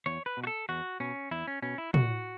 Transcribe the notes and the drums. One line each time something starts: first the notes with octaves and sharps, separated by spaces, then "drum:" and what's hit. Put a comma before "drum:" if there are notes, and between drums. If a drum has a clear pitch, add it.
E2 C#5
B4
B2
F#4
A4
E2 F#4
B2 C#4
E2 E4
C#4
B2 C#4
E4
E2 F#4, drum: tom